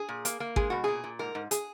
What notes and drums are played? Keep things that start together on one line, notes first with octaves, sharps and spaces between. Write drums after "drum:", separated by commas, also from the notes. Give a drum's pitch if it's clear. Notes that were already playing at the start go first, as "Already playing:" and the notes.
Already playing: G#4
A#2
A#3, drum: hi-hat
A#3
G#3 G#4, drum: kick G#1
B2 F#4
A#2 G#4
A#2
G#2 A#4
G#2
G#4, drum: hi-hat